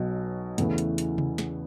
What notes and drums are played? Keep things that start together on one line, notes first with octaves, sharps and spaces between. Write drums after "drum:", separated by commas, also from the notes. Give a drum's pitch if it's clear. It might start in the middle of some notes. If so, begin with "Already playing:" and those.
Already playing: B1 B2 F#3
E2 C#3 E3 A3 E4, drum: hi-hat
drum: hi-hat
drum: hi-hat
drum: tom C3
drum: snare